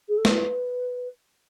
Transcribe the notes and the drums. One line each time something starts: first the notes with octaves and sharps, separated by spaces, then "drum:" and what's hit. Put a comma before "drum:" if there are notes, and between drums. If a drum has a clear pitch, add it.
G#4
A4
B4, drum: snare